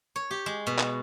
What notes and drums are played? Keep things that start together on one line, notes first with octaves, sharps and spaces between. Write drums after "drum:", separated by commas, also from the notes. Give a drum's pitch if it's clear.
C#5
G4
G#3
B2
drum: clap